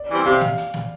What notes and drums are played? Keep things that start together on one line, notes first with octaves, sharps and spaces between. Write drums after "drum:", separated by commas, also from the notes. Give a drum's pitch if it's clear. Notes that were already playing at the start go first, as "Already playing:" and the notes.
Already playing: D5
E3 G3 C4
C3 F5, drum: hi-hat
drum: snare
drum: hi-hat
drum: snare